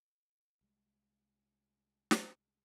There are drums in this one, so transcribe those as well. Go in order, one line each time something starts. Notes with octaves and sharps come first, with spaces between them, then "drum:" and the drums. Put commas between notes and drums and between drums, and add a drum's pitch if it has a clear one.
C2 G3 G#3
drum: snare